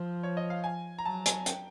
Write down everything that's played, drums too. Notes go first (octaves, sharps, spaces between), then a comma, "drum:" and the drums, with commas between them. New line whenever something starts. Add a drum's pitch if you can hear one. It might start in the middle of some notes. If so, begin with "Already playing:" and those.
Already playing: F3 C5
C#5
D#5
F5
G#5
A#5
F#3 A5
G#5, drum: hi-hat
G5, drum: hi-hat